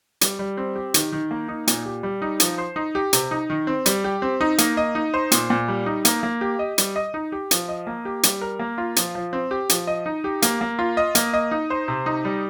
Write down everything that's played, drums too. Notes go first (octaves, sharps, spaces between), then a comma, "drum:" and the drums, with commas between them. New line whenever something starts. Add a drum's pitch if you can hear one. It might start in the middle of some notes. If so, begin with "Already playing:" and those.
G3, drum: hi-hat
G3
C4
G4
D#3, drum: hi-hat
D#3
A#3
D#4
A#2, drum: hi-hat
G4
G3
D#4
F3, drum: hi-hat
C5
D#4
G4
C3, drum: hi-hat
D#4
D#3
C4
G3, drum: hi-hat
G4
C4
D#4
A#3, drum: hi-hat
D#5
D#4
C5
A#2, drum: hi-hat
A#2
G3
D#4
A#3, drum: hi-hat
A#3
G4
D#5
G3, drum: hi-hat
D#5
D#4
G4
F3, drum: hi-hat
D#5
A#3
G4
G3, drum: hi-hat
A#4
A#3
F4
F3, drum: hi-hat
F3
C4
G4
F3, drum: hi-hat
D#5
D#4
G4
A#3, drum: hi-hat
A#3
F4
D#5
A#3, drum: hi-hat
D#5
D#4
C5
C3
D#4
G3